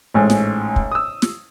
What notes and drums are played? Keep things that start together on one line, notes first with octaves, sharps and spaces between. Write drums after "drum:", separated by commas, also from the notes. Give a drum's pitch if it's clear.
A1 G#2
drum: snare
drum: kick
D#6 E6
drum: snare